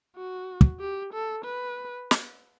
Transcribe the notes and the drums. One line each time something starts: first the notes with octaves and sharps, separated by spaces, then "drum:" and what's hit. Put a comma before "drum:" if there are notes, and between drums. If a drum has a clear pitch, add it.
F#4
drum: kick
G4
A4
B4
drum: snare